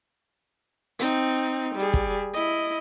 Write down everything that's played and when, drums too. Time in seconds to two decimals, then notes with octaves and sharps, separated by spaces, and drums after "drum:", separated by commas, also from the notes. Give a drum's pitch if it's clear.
0.99 C4 D#4, drum: hi-hat
1.75 G3 G#4
1.94 drum: kick
2.34 E4 D#5